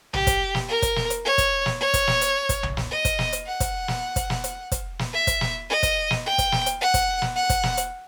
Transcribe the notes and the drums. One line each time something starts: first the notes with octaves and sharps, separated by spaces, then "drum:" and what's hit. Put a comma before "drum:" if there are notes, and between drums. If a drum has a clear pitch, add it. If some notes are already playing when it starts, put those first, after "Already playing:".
G4, drum: tom B1
drum: kick, hi-hat
drum: snare
A#4
drum: kick, hi-hat
drum: snare
drum: hi-hat
C#5
drum: kick, hi-hat
drum: snare
C#5
drum: kick, hi-hat
drum: snare
drum: hi-hat
drum: kick, hi-hat
drum: tom B1
drum: snare
D#5
drum: kick, hi-hat
drum: snare
drum: hi-hat
F#5
drum: kick, hi-hat
drum: snare
drum: kick, hi-hat
drum: snare
drum: hi-hat
drum: kick, hi-hat
drum: snare
E5
drum: kick, hi-hat
drum: snare
D#5
drum: kick, hi-hat
drum: snare
G5
drum: kick, hi-hat
drum: snare
drum: hi-hat
F#5
drum: kick, hi-hat
drum: snare
F#5
drum: kick, hi-hat
drum: snare
drum: hi-hat